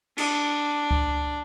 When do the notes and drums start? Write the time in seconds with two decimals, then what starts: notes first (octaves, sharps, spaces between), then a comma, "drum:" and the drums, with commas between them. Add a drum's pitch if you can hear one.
0.18 D4, drum: cymbal
0.91 drum: kick C#2